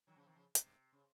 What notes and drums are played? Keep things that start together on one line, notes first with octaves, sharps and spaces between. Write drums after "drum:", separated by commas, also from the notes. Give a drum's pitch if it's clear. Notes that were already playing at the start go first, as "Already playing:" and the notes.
D#3 F#3
C#3 F3
C3 D#3
C#3 F3
C3, drum: hi-hat
C#3